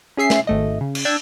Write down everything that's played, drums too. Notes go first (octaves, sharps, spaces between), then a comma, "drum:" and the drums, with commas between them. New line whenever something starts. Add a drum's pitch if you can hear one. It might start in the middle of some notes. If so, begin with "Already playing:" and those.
C#4 G#4 E5 C7
drum: snare
G#1 A3 D#5
C#3
drum: cymbal
D4 G5 A5 E6 G#6